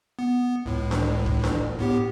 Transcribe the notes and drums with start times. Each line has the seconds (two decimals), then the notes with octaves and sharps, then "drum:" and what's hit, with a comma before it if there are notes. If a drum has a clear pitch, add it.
0.19 B3
0.66 C#2 A2
0.91 drum: snare D4
1.26 drum: kick
1.44 drum: snare D4
1.79 A2 B3 G4